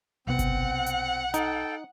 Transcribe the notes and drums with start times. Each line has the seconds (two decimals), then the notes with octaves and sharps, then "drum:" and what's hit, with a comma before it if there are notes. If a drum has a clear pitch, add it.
0.27 B1 C3 B3 C4 F#5
0.39 drum: kick G1, hi-hat
0.86 drum: hi-hat
1.34 D#4 A4 G5, drum: hi-hat